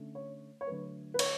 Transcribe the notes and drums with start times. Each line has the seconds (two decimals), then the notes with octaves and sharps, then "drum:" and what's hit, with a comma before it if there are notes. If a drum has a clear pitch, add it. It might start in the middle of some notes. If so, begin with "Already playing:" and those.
Already playing: D3 A3 C#4
0.15 C#5
0.61 C#5
0.67 D3 F#3 A3 B4
1.14 B4
1.19 C#5, drum: cymbal